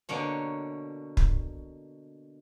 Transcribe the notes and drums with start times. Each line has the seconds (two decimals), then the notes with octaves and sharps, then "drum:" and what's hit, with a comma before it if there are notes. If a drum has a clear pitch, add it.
0.09 B2 D3 A#3 C#5
1.17 drum: kick